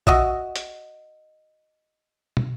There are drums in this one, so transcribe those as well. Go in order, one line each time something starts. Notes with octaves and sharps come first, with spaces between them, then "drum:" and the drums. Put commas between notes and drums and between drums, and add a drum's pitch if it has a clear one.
F#4 D#5 E5, drum: kick A#1
drum: hi-hat
drum: tom